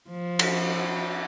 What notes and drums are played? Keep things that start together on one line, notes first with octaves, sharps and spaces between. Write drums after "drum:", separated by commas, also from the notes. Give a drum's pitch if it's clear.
F3
drum: cymbal